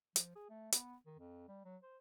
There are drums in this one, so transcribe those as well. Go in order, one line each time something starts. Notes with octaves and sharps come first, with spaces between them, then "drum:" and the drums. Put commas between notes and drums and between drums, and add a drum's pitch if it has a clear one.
F3, drum: hi-hat
G#4
A3
B3, drum: hi-hat
D#3
F2
G3
F#3
C5